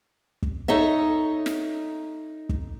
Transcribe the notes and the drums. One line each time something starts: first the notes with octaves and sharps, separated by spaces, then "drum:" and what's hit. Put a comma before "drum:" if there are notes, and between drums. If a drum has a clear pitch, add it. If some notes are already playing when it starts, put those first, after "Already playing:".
drum: kick
D#4 A4 C#5 D#5 E5
drum: snare
drum: kick